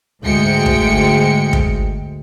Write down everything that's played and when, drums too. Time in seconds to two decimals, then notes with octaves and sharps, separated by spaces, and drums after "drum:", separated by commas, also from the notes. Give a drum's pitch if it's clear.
0.22 D2 G#2 G#3 G5 C#7
0.66 drum: kick
1.53 drum: kick